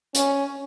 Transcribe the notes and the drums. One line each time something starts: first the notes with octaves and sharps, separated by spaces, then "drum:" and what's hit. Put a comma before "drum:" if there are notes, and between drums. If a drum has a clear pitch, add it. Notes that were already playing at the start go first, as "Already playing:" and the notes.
C#4, drum: hi-hat